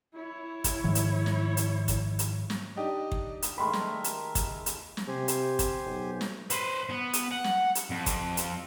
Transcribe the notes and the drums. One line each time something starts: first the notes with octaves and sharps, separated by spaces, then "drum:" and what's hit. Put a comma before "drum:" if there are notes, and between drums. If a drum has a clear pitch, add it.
E4 C#5
drum: kick, hi-hat
G#2 D#3 F3
drum: hi-hat
drum: snare
drum: hi-hat
drum: kick, hi-hat
drum: hi-hat
drum: snare
D4 D#4 G4 D#5
drum: kick
drum: hi-hat
D#3 G#3 A3 A#4 E5 B5 C6
drum: snare
drum: hi-hat
drum: kick, hi-hat
drum: hi-hat
drum: snare
C3 G4 C5 G#5
drum: hi-hat
drum: kick, hi-hat
B1
drum: snare
B4 C5, drum: hi-hat
B3
drum: hi-hat
F#5
drum: snare
drum: hi-hat
F2
drum: kick, hi-hat
drum: hi-hat